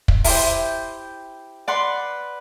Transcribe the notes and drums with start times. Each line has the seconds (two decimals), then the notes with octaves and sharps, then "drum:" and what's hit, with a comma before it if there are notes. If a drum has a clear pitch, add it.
0.08 drum: kick
0.24 E4 G4 C5 G5, drum: open hi-hat
1.68 B4 D5 F#5 C6